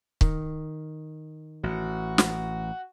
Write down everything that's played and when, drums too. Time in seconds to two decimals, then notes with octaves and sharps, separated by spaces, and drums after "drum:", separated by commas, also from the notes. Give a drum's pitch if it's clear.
0.21 D#3, drum: kick
1.63 A1 F#4
2.18 drum: snare